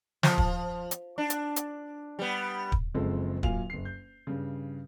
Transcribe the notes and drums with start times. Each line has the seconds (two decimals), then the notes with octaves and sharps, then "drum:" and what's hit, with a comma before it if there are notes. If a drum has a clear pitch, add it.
0.23 F3, drum: snare
0.38 drum: kick
0.91 drum: hi-hat
1.18 D4
1.30 drum: hi-hat
1.56 drum: hi-hat
2.19 G3 B3
2.72 drum: kick
2.94 F#1 C#3 F3 G#3 C4 A4
3.43 F#2 A#2 F5 G#5 F7, drum: kick
3.70 F#1 C7
3.85 G6
4.27 G2 C#3